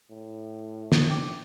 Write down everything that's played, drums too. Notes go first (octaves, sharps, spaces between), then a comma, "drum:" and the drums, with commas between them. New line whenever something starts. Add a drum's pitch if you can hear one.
A2
drum: snare
G5 D6